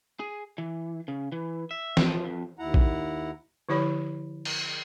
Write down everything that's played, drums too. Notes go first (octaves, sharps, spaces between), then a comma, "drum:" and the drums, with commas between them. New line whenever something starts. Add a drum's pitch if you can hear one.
G#4
E3
C#3
E3
E5
drum: snare
F3
F2
D#2 E4 F#5 A#5
drum: kick
D3 F3 E4 G4 C#5 B5
drum: cymbal